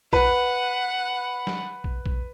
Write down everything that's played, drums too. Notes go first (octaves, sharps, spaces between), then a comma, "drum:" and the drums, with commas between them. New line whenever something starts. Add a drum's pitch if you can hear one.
B4 F#5, drum: kick
drum: snare
drum: kick
drum: kick